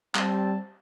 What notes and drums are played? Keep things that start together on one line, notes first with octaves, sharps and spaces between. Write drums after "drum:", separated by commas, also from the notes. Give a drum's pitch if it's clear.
G3 C4 A5, drum: clap